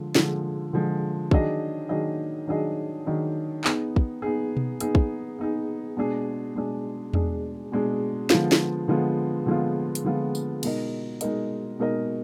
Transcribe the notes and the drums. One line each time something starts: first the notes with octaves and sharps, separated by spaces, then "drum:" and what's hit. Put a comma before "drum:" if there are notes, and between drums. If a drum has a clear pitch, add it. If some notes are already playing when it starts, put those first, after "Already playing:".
Already playing: D3 F3 G#3
D3 F3 G#3, drum: snare
D3 F3 G#3
D#3 F#3 D4 G#4 D#5, drum: kick
D#3 F#3 D4 G#4 D#5
D#3 F#3 D4 G#4 D#5
D#3 F#3 D4 G#4 D#5
B3 D#4 G#4, drum: clap
drum: kick
B3 D#4 G#4
drum: tom B2
B3 D#4 G#4, drum: hi-hat
drum: kick
B3 D#4 G#4
B2 G#3 D4 G#4
B2 G#3 D4 G#4
B2 G#3 D4 G#4, drum: tom E2
B2 G#3 D4 G#4
D3 F3 G#3 B3 F4, drum: snare
drum: snare
D3 F3 G#3 B3 F4
D3 F3 G#3 B3 F4
drum: hi-hat
D3 F3 G#3 B3 F4
drum: tambourine
B2 G#3 D#4 A#4 D#5, drum: cymbal
B2 G#3 D#4 A#4 D#5, drum: hi-hat
B2 G#3 D#4 A#4 D#5